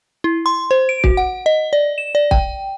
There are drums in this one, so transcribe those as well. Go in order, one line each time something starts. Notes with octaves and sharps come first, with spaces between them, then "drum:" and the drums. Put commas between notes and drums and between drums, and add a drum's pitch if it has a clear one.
E4
C6
C5
D7
F#4, drum: kick
F#5
D#5
D5
E7
D5
G5, drum: kick